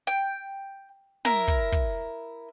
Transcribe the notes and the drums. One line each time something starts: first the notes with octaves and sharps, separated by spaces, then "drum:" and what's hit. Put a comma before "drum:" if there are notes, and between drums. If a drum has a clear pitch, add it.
G5
E4 A#4, drum: snare
drum: kick
drum: kick